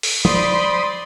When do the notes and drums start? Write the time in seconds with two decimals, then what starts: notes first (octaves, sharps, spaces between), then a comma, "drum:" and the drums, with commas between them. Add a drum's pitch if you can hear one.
0.03 drum: open hi-hat
0.25 C5 D5 B5 C6 D#6, drum: tom